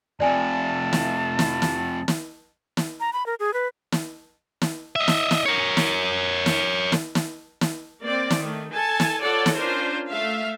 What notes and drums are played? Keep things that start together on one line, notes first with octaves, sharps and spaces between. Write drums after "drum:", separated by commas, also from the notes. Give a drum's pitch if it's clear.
F2 C3 D5 G#5 A5
drum: snare
drum: snare
drum: snare
drum: snare
drum: snare
A#5
B5
A#4
G#4
B4
drum: snare
drum: snare
D#5 E5
drum: snare
drum: snare
A#4 C#5
drum: snare
drum: snare
drum: snare
drum: snare
drum: snare
A#3 C4 D5
drum: snare
D#3 A3
A4 G#5 A5
drum: snare
F4 A4 C#5 D5 F#5
drum: snare
C#4 D4 F4 A#4 C5
A3 E5 F5